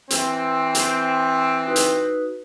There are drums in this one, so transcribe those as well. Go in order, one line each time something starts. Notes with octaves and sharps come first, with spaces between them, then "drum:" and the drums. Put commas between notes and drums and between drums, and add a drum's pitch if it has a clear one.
E3 C4, drum: hi-hat
drum: hi-hat
D#4 F#4 B4
drum: hi-hat